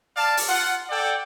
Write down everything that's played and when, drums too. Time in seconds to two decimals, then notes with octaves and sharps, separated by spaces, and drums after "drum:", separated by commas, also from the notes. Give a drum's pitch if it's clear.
0.16 D5 F5 A5
0.37 drum: open hi-hat
0.48 F4 F#5
0.90 A4 D5 F#5 G5